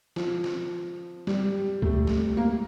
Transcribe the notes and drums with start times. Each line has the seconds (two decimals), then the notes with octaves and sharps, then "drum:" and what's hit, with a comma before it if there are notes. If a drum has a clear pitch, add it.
0.16 F3, drum: snare
0.44 drum: snare
1.27 G3, drum: snare
1.82 A3, drum: kick C#2
2.07 drum: snare
2.37 A#3